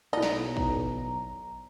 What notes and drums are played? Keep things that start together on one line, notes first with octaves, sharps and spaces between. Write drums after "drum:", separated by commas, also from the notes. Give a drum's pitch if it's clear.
B1 D#4 E4 D5 A#5
drum: snare
drum: kick